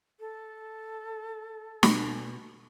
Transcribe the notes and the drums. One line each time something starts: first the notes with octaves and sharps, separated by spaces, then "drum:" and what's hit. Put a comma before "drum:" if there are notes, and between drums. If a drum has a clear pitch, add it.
A4
B2, drum: snare